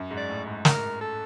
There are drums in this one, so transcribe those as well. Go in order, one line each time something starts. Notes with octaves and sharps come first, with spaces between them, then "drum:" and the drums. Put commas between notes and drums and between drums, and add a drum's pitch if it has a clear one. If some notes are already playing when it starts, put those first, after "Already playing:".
Already playing: F#2
G#2
D5
A2
G#2
A2 A#4, drum: snare
A4